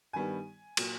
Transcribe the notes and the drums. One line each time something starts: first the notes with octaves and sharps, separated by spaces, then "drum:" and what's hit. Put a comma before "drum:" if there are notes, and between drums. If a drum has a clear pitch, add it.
G2 D#3 G3 B3 G#5
A#2 F#3, drum: cymbal